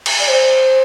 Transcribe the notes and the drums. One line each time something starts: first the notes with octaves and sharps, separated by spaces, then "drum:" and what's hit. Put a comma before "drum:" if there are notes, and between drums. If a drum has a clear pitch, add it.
drum: cymbal
D5
C5